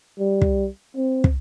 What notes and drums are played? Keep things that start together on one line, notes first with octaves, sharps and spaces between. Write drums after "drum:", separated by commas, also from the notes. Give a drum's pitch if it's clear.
G3
drum: kick
C4
drum: kick